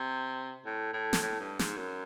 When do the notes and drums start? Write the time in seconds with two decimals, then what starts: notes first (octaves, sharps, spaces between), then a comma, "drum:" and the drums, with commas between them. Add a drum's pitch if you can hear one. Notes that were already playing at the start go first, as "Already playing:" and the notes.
Already playing: C3
0.66 A2
0.93 A2
1.13 drum: snare
1.22 A2
1.40 G2
1.59 G#2, drum: snare
1.77 F#2